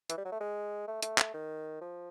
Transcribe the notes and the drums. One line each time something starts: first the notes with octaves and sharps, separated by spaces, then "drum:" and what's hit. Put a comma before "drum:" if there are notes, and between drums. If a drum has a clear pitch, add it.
E3, drum: hi-hat
G3
F#3
A3
G#3
A3
A3, drum: hi-hat
A3, drum: clap
D#3
F3